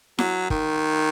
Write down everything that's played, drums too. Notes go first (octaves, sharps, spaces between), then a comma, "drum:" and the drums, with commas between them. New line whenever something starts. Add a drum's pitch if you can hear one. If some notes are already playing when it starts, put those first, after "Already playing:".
F#3, drum: snare E4
D#3, drum: kick